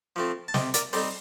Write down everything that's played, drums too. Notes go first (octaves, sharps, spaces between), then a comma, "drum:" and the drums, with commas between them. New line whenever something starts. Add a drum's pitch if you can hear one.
F3 A3 C4
A5
C3 D#5 G5, drum: snare
A#4 D5, drum: hi-hat
G3 C4 D#4 A4 C5, drum: open hi-hat